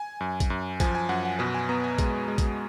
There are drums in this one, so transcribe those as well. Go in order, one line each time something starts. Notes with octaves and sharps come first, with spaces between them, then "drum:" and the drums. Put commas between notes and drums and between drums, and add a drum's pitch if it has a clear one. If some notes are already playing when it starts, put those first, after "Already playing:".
Already playing: G#5
F#2
drum: kick, hi-hat
F#2
F3 G#5, drum: kick, hi-hat
G#5
F#2 F#5
F#5
B2 B4
G#5
B3 A#5
G#5
G#3, drum: kick, hi-hat
G#3
drum: kick, hi-hat